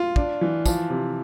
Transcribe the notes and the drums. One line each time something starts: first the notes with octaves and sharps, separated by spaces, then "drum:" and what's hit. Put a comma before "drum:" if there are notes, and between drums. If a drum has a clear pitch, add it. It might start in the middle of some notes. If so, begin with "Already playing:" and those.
Already playing: F4
D4, drum: kick
E3
F3, drum: kick, tambourine
C3